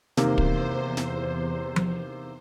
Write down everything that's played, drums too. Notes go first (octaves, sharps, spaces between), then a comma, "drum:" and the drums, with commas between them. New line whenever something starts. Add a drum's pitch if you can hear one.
E2 C3 D#3 A#3 C5, drum: snare
drum: kick
drum: snare
drum: tom F3